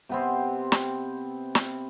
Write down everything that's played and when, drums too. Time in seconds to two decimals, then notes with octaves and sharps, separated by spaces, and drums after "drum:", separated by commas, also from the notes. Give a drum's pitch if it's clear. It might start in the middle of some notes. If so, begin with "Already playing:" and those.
0.09 C3 B3 C4
0.72 drum: snare
1.55 drum: snare